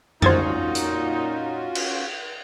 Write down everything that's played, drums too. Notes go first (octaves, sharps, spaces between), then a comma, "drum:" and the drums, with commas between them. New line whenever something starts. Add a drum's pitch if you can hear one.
A#2 C#4 D#4 F4 F#4 C5 G#6 A6, drum: tom F2
drum: hi-hat
drum: cymbal